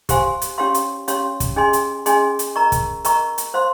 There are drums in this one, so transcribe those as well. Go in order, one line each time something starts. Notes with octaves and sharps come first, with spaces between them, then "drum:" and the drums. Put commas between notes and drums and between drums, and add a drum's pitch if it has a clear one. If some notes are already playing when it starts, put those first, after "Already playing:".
G4 C5 F5 G#5 C6, drum: kick, hi-hat
drum: hi-hat
C#4 G4 C#5 F5 C6
drum: hi-hat
C#4 G4 C#5 F5 C6, drum: hi-hat
drum: kick, hi-hat
C#4 G#4 D#5 G#5 C6
drum: hi-hat
C#4 G#4 D#5 G#5 C6, drum: hi-hat
drum: hi-hat
A#4 D#5 A#5 C#6
drum: kick, hi-hat
A#4 D#5 A#5 C#6, drum: hi-hat
drum: hi-hat
C5 F5 C6